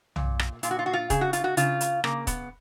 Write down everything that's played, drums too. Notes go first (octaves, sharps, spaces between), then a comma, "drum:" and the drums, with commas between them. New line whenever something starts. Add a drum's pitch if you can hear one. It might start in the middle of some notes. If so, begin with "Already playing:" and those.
A#2, drum: tom
drum: rim click
A#2 F4, drum: hi-hat
F#4
F4
F#4
F4
C#3 G#4, drum: kick, hi-hat
F#4
F4, drum: hi-hat
F#4
C#3 F4, drum: hi-hat
drum: hi-hat
C#3 A#3, drum: rim click
B3, drum: kick, hi-hat